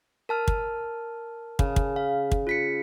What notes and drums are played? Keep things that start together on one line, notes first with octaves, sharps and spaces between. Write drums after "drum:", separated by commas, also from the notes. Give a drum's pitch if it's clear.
A#4 A5 F6
drum: kick
C#3, drum: kick
drum: kick
F5
drum: kick
F4 B6 C#7